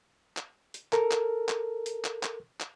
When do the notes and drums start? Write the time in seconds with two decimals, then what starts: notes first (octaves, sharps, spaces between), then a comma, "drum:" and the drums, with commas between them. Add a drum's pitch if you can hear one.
0.37 drum: clap
0.74 drum: hi-hat
0.93 A4 A#4, drum: clap
1.11 drum: clap
1.49 drum: clap
1.86 drum: hi-hat
2.05 drum: clap
2.23 drum: clap
2.60 drum: clap